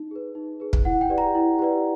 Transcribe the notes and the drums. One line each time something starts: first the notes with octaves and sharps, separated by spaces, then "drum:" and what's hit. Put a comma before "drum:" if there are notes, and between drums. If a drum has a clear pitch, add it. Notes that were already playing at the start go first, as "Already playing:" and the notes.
Already playing: D#4
G#4 B4
D#4
G#4 B4
drum: kick
E4 F#5
G5
G4 B4 D5
A#5
E4
G4 B4 D5